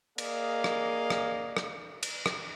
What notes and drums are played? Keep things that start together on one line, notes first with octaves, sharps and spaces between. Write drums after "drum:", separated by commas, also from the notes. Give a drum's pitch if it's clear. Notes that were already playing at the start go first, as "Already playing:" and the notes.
A#3 G#4 D5 D#5 F5, drum: cymbal
drum: rim click
drum: rim click
drum: rim click
drum: cymbal
drum: rim click